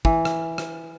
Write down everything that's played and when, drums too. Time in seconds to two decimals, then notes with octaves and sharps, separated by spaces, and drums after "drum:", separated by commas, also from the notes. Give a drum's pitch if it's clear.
0.05 E3, drum: kick
0.25 drum: rim click
0.58 drum: rim click